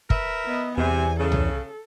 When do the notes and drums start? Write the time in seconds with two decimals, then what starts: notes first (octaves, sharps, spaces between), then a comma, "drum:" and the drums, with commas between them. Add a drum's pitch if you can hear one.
0.10 A#4 B4 E5, drum: kick
0.46 B3 D#5
0.78 E2 C3 G#5
1.19 C#3 A4
1.32 drum: tom